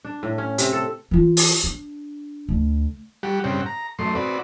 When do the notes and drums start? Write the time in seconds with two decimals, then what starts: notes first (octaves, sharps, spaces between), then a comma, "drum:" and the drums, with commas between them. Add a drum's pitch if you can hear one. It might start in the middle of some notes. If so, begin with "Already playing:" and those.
0.05 D4
0.23 A2
0.38 C#4
0.58 C3, drum: hi-hat
0.73 A4
1.11 E3 F4
1.37 drum: open hi-hat
1.63 D4
2.49 D2
3.23 G3 G4 F#5
3.44 G2 C#3 C4 F#5 G5
3.66 A#5
3.99 F#2 A3 C6
4.15 C4 F#4 B4 D5